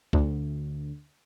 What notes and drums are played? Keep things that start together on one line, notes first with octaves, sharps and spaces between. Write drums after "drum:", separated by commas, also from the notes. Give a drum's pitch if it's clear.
D2, drum: kick